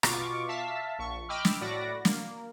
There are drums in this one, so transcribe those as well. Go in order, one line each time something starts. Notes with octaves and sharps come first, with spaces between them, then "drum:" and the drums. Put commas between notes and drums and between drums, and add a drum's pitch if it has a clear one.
B2 F4 C#6 D6, drum: rim click
E5 F5 A5 B6
A#1 C#6
D#5 G5 B5 D6 E6 F6
drum: snare
A2 F#4 D5 B5 A#6
A#3, drum: snare